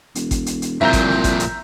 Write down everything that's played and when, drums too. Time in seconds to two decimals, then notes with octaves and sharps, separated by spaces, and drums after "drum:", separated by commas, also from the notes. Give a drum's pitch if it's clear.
0.15 E1, drum: hi-hat
0.31 drum: kick G#1, hi-hat
0.46 drum: hi-hat
0.62 drum: hi-hat
0.81 C2 F2 A#2 E5 A#5 G6
0.93 drum: kick G#1, hi-hat
1.09 drum: snare
1.24 drum: kick G#1, hi-hat
1.40 drum: hi-hat